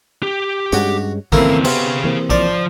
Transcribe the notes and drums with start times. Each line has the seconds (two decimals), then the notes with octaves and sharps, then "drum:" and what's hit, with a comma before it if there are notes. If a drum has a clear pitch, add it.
0.23 G4
0.73 G2 G#3 C#4 F#4 C#5
1.32 D#2 C#3 E3 A3 A#3 C4 E4, drum: kick
1.65 C3 B3 G#4 F5, drum: cymbal
2.04 E3 A#3 C4
2.30 F3 C5 D5, drum: kick